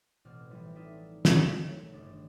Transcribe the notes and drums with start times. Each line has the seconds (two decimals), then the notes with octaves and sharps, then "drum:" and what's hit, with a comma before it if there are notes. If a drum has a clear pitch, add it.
0.25 A1 B2 C4 D6 F6
0.50 E3 F3 G3 E4 F4
0.76 D#4 F4 A4 D5 E5
1.25 drum: snare
1.45 D#3 A3 C#5
1.93 G1 C#3 D4